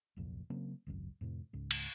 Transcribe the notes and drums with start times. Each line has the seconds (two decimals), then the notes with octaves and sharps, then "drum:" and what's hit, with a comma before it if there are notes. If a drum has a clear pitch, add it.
0.17 D1 C2 F2 A#2
0.50 C#3 F#3 A#3 C4
0.87 G#1 C#2 F#2
1.21 F2 A2 C3
1.53 C#2 G#2
1.71 drum: cymbal